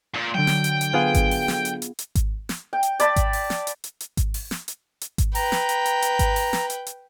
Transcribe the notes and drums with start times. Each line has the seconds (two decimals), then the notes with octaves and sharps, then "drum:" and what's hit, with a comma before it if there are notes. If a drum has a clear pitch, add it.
0.14 A#2 G6
0.34 D3 F#3 G5
0.47 drum: snare
0.64 drum: hi-hat
0.81 drum: hi-hat
0.93 B3 F4 G#4
1.14 drum: kick G#1, hi-hat
1.31 drum: open hi-hat
1.48 drum: snare
1.65 drum: hi-hat
1.82 drum: hi-hat
1.99 drum: hi-hat
2.15 drum: kick G#1, hi-hat
2.49 drum: snare
2.73 G5
2.83 drum: hi-hat
3.00 D5 A5 B5, drum: hi-hat
3.16 drum: kick G#1, hi-hat
3.33 drum: open hi-hat
3.50 drum: snare
3.67 drum: hi-hat
3.84 drum: hi-hat
4.00 drum: hi-hat
4.17 drum: kick G#1, hi-hat
4.34 drum: open hi-hat
4.51 drum: snare
4.68 drum: hi-hat
5.01 drum: hi-hat
5.18 drum: kick G#1, hi-hat
5.35 B4 G5 A#5, drum: open hi-hat
5.52 drum: snare
5.69 drum: hi-hat
5.86 drum: hi-hat
6.02 drum: hi-hat
6.19 drum: kick G#1, hi-hat
6.36 drum: open hi-hat
6.53 drum: snare
6.70 drum: hi-hat
6.87 drum: hi-hat